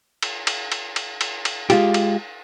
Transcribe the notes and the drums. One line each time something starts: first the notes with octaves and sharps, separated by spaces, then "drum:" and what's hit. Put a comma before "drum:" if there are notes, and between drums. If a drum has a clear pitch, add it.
drum: cymbal
drum: cymbal
drum: cymbal
drum: cymbal
drum: cymbal
drum: cymbal
G#3 F4 G4, drum: cymbal
drum: cymbal